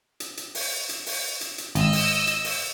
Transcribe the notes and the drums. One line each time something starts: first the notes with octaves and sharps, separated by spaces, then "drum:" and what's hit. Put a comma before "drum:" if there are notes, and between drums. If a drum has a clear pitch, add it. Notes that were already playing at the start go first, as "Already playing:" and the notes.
drum: hi-hat
drum: hi-hat
drum: open hi-hat
drum: hi-hat
drum: open hi-hat
drum: hi-hat
drum: hi-hat
G#1 D#5 E6, drum: hi-hat
drum: open hi-hat
drum: hi-hat
drum: open hi-hat